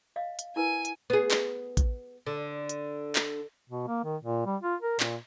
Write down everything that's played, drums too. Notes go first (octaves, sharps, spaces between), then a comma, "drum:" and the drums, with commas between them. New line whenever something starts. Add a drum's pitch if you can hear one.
D#5 F5
drum: hi-hat
E4 A#4 B4 G#5
drum: hi-hat
B3 G#4
drum: clap
drum: kick A1, hi-hat
D3
drum: hi-hat
drum: clap
B2
A#3
D#3
A#2
G3
F4
A#4
A#2, drum: clap